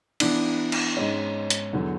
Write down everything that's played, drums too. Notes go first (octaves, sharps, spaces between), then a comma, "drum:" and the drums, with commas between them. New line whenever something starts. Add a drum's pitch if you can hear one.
E3 B3 D4, drum: cymbal
drum: cymbal
G#2 G#3 C#4
drum: hi-hat
E2 D3 F#3